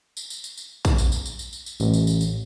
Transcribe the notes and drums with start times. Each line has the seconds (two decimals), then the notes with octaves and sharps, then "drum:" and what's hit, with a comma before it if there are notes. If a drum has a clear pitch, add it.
0.17 drum: tambourine
0.30 drum: tambourine
0.44 drum: tambourine
0.58 drum: tambourine
0.85 drum: kick, tambourine
0.98 drum: tambourine
1.12 drum: tambourine
1.26 drum: tambourine
1.39 drum: tambourine
1.53 drum: tambourine
1.66 drum: tambourine
1.80 A1, drum: tambourine
1.94 drum: tambourine
2.07 drum: tambourine
2.21 drum: tambourine